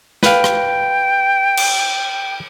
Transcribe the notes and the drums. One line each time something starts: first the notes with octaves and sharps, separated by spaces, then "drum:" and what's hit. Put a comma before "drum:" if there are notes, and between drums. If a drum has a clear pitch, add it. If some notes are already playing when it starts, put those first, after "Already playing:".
B4 F5 G5, drum: snare
drum: rim click
drum: cymbal